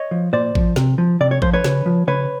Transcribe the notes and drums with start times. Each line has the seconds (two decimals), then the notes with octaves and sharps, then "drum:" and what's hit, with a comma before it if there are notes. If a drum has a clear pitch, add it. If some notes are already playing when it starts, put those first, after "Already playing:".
Already playing: C#5 D#5
0.11 F3
0.33 A#2 C5 D5
0.55 F3, drum: kick A1
0.76 C3, drum: snare
0.98 F3
1.21 C3 D5
1.31 C#5
1.42 F3 C5, drum: kick A1
1.54 B4 C#5
1.64 C#3, drum: snare
1.86 F3
2.07 C#3 B4 C#5